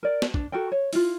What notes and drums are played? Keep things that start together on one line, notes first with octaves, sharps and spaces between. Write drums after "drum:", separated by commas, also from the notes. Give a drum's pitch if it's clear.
A#4 D5
drum: snare
D4, drum: kick
F#4 A4 A#4 G5
C#5
E4 F4, drum: open hi-hat